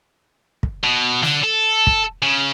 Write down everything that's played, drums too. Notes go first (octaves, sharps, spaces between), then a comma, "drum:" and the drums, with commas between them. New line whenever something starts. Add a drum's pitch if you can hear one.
drum: kick
B2
D3, drum: snare
A4
drum: kick
C#3